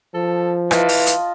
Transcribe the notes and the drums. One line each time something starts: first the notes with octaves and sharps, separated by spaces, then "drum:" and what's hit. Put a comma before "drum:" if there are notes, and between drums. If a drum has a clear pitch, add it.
F3 A4
E3 F4 D#5 A5, drum: rim click
drum: open hi-hat
drum: hi-hat